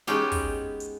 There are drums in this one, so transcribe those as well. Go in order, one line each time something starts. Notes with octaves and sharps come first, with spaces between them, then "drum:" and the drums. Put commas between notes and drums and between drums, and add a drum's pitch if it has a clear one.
G#3 B3 C#4 D#4 G4, drum: snare
drum: kick, open hi-hat
drum: hi-hat